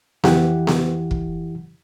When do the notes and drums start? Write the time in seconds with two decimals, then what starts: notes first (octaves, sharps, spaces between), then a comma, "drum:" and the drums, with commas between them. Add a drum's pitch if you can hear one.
0.24 F2 E3 E4 G4 F#5, drum: snare B3
0.67 drum: snare B3
1.11 drum: kick